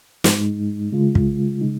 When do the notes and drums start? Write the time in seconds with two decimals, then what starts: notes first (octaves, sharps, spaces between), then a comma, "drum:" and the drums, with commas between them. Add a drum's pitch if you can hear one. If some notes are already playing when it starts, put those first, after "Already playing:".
0.24 G#2 G#3 D#4, drum: snare
0.92 C#3 G#3 F4
1.15 drum: kick
1.61 C#3 G#3 D#4